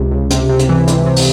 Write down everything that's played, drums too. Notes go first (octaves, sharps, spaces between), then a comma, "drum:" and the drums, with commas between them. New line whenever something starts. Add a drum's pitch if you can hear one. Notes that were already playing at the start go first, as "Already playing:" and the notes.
Already playing: C#2 C3
C#2
C3, drum: hi-hat
C3
drum: hi-hat
E3
C3, drum: hi-hat
C3
drum: open hi-hat